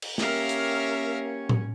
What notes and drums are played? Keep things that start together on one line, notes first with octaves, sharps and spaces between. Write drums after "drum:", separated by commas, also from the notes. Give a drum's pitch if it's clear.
drum: cymbal
A#3 C#4 G4 A#4 C#5 E5 F5, drum: snare
drum: hi-hat
drum: tom A2